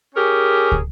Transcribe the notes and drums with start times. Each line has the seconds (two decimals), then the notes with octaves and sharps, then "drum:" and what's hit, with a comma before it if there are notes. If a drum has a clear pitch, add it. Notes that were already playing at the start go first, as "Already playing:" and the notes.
0.15 C#4 G4 G#4 A#4
0.72 drum: kick